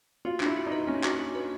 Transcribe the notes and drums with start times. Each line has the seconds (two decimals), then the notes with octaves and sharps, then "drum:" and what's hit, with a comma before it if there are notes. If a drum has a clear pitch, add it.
0.25 F4 F#4
0.40 D4, drum: clap
0.46 E4
0.56 F#4
0.66 D#4
0.72 B4
0.87 A#3 C#4
1.04 F#4, drum: clap
1.19 F#4
1.35 B4